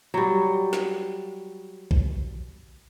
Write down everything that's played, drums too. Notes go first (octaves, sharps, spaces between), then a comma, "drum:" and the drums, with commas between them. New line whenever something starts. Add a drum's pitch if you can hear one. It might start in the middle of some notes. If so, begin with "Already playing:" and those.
F#3 G3
drum: snare
drum: kick B1